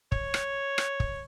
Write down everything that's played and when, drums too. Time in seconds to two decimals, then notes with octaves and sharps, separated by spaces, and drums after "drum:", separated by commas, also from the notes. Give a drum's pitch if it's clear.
0.12 C#5, drum: kick
0.34 drum: rim click
0.78 drum: rim click
1.00 drum: kick